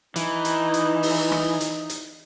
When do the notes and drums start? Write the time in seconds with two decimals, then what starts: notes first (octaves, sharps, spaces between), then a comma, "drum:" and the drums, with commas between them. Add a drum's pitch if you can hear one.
0.16 E3 D#4, drum: hi-hat
0.45 drum: hi-hat
0.74 drum: hi-hat
1.03 drum: open hi-hat
1.32 drum: rim click
1.61 drum: hi-hat
1.90 drum: hi-hat